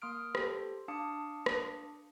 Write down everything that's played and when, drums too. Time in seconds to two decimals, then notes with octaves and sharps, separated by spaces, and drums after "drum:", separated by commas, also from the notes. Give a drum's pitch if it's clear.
0.02 A#3 C6 D#6 F6 D7
0.35 G4 A4 C5 C6, drum: rim click
0.88 D4 F5 A5 D6 D#6 C#7
1.46 drum: rim click